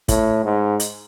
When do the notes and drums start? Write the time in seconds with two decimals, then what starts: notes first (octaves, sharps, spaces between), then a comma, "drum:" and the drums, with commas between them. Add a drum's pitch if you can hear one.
0.08 A2, drum: kick, hi-hat
0.44 G#2
0.80 drum: hi-hat